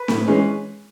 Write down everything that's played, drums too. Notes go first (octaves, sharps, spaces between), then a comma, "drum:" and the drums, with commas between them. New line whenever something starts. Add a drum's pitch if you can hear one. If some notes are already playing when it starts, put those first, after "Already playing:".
Already playing: B4
A2, drum: snare C4
E3 G#3 C#4